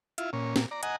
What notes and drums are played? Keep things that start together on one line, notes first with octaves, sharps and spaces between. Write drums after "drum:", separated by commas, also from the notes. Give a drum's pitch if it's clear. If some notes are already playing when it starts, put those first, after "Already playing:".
E4 F4, drum: hi-hat
A#2 C#4
A#2, drum: snare
D5 A#5
D#5 F#5 G#5 A#5, drum: hi-hat